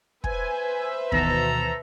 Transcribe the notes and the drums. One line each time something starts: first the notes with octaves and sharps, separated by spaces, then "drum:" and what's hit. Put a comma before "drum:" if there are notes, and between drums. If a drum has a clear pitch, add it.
B4 C5 E5 G#5, drum: kick
D2 B2 D#3 E3 A4 A#5, drum: kick